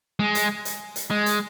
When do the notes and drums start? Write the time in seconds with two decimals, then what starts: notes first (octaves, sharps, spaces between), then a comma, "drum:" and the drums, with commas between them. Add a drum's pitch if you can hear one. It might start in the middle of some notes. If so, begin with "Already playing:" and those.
0.20 G#3
0.35 drum: hi-hat
0.65 drum: hi-hat
0.96 drum: hi-hat
1.10 G#3
1.26 drum: hi-hat